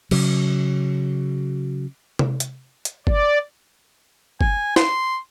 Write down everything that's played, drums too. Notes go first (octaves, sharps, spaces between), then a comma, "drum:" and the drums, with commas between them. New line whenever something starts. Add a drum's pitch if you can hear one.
C#3 F#3, drum: cymbal
drum: tom C3
drum: hi-hat
drum: hi-hat
D5, drum: kick
G#5, drum: kick
C6, drum: snare